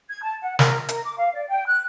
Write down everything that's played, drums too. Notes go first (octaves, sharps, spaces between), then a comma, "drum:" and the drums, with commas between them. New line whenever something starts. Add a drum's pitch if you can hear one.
G#6
A5
F#5
A#4, drum: snare
A#4, drum: hi-hat
D6
F5
D5
G5
F#6